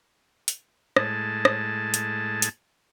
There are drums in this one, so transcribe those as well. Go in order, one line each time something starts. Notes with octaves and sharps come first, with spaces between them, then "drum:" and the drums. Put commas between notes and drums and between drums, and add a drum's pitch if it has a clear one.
drum: hi-hat
A2 G#3 A5, drum: rim click
drum: rim click
drum: hi-hat
drum: hi-hat